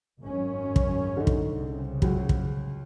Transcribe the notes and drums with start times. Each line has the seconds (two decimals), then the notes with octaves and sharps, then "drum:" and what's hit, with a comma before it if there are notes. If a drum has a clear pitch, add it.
0.21 G#1 F#2 C#4
0.76 drum: kick
1.17 D3 D#4
1.27 drum: kick
1.53 C2 C#3
2.02 C#2 F#3, drum: kick
2.29 drum: kick